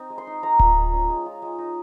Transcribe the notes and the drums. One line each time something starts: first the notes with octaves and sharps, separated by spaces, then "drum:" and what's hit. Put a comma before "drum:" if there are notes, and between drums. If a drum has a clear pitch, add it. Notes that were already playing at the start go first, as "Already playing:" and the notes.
Already playing: C4 D#4
G#3
C6
D#4
G#3 A#5
F4, drum: kick D1
G#3
C#4
G#3
F4
G#3
D#4